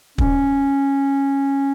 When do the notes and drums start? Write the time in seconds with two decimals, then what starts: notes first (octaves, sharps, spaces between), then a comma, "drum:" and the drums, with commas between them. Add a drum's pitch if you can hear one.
0.18 C#4, drum: kick